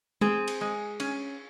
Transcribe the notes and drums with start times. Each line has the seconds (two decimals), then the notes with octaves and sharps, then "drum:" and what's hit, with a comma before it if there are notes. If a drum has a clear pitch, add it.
0.21 C4 G#4, drum: tom G#3
0.48 drum: cymbal
0.61 G#3
1.00 C#4, drum: cymbal